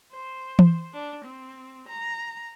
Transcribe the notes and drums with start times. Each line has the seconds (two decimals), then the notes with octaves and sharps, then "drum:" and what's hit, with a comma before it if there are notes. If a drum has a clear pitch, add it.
0.12 C5
0.59 drum: tom E3
0.93 D4
1.25 C4
1.89 A#5